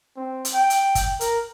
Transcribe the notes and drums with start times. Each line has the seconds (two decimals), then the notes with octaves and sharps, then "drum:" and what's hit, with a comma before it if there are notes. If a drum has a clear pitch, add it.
0.17 C4
0.45 drum: hi-hat
0.54 G5
0.70 drum: hi-hat
0.95 drum: kick, hi-hat
1.21 A#4, drum: hi-hat